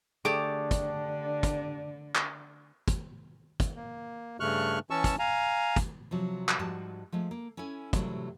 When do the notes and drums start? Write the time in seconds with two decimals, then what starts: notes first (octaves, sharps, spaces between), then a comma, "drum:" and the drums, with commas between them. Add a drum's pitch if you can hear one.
0.25 D3 A3 D4 G4 G#4 A5 D6
0.71 drum: kick, hi-hat
1.43 drum: kick, hi-hat
2.15 drum: clap
2.88 drum: kick, hi-hat
3.60 drum: kick, hi-hat
3.76 A#3
4.40 G2 C#3 A3 C#6 F6 F#6
4.90 E3 C#4 A5 C#6 E6
5.04 drum: kick, hi-hat
5.19 F5 G#5 A#5
5.76 drum: kick, hi-hat
6.11 C3 F3 F#3
6.49 drum: clap
6.59 G#2 F3 G3 F#4 A5
7.12 F3 G#3 A3
7.31 A#3
7.57 C#4 E4 A4 G#5
7.93 C3 E3 F#3 G3 A3 E4, drum: kick, hi-hat